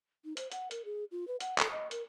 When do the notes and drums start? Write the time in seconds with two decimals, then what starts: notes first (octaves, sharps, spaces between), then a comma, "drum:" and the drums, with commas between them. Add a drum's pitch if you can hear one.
0.25 D#4
0.37 C5, drum: hi-hat
0.52 F#5, drum: hi-hat
0.71 A#4, drum: hi-hat
0.85 G#4
1.11 F4
1.28 B4
1.40 F#5, drum: hi-hat
1.58 A4, drum: clap
1.71 D#5
1.91 A#4, drum: hi-hat